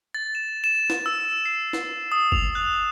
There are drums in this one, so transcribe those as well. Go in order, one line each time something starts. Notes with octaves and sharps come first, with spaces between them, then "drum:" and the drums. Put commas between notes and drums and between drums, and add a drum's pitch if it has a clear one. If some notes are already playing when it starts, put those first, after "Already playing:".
A6
E7
E7
drum: snare
E6
C7
drum: snare
D#6
F7, drum: kick F#1
F#6